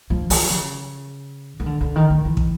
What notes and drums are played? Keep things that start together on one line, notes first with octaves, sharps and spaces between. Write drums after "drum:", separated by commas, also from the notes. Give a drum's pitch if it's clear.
F3
F3, drum: open hi-hat
C#3
D#3
D3
D3
D#3
D#3
E3
drum: kick